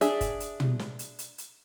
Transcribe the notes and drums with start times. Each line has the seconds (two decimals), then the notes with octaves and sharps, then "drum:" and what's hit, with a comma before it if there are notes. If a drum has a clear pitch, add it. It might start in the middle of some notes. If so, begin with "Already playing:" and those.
0.01 D4 G#4 E5, drum: hi-hat
0.21 drum: kick, hi-hat
0.40 drum: hi-hat
0.60 drum: tom
0.79 drum: snare
0.99 drum: hi-hat
1.19 drum: hi-hat
1.38 drum: hi-hat